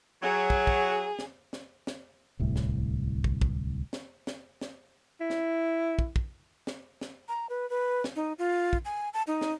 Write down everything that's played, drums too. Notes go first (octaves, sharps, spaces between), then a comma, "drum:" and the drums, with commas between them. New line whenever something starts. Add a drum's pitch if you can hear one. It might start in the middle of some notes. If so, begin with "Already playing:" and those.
F#3 G#4
drum: kick
drum: kick
drum: snare
drum: snare
drum: snare
D1 C2 A2
drum: snare
drum: kick
drum: kick
drum: snare
drum: snare
drum: snare
E4
drum: snare
drum: kick
drum: kick
drum: snare
drum: snare
A#5
B4
B4
drum: snare
D#4
F4
drum: kick
G#5
A5
D#4
drum: snare